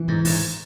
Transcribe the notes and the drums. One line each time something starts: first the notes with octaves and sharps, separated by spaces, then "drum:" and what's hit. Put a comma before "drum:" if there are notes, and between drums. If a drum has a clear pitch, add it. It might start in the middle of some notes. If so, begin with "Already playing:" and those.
Already playing: E3
G#2
G#2, drum: open hi-hat